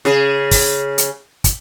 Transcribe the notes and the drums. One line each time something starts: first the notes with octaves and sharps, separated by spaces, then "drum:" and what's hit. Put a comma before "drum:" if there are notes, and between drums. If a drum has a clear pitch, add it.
C#3 G#4, drum: snare
drum: kick, open hi-hat
drum: hi-hat
drum: kick, hi-hat